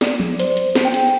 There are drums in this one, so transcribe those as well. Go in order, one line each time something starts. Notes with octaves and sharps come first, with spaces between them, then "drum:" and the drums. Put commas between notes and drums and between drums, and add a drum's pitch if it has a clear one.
D5, drum: snare
drum: tom F3
C5, drum: hi-hat
drum: hi-hat
drum: snare
G5
drum: hi-hat